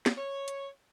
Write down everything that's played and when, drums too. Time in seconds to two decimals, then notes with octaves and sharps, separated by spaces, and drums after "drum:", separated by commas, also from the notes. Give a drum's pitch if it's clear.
0.06 drum: snare
0.18 C#5
0.48 drum: hi-hat